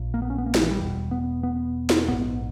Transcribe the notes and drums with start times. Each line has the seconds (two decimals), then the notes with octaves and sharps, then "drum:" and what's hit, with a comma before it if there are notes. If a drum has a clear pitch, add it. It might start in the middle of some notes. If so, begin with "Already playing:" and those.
Already playing: A#1 A#2
0.14 A#3
0.22 B3
0.30 C#4
0.38 B3
0.46 A#3
0.55 G#3, drum: snare
0.63 E3
0.71 G3
0.79 E1 E2 B2
1.11 B3
1.43 B3
1.90 drum: snare
2.08 A#1 G#2 B3